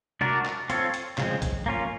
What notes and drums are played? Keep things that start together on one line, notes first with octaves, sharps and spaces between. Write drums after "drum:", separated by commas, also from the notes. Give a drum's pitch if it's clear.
D4 F#4 A#4 D5, drum: tom
drum: clap
C4 F4 A4 C#5, drum: hi-hat
drum: hi-hat
C#3 F3 G#3 C4, drum: clap
drum: kick B1, hi-hat
A#3 C#4 F4, drum: tom